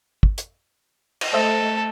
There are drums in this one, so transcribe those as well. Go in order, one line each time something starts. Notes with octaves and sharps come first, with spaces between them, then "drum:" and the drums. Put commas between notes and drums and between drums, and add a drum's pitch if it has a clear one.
drum: kick
drum: hi-hat
drum: cymbal
A3 A4 C5 D#5 E5